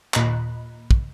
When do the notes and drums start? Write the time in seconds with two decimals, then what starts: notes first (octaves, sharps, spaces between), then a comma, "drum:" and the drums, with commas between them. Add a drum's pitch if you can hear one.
0.14 D#2 A#2 D#5 A#5 B5 F#6, drum: clap
0.91 drum: kick